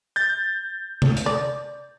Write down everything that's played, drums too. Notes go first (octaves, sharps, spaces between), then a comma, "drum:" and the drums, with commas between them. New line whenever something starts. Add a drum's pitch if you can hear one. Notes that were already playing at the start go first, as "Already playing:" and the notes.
G6 A6
drum: tom C3
drum: hi-hat
D5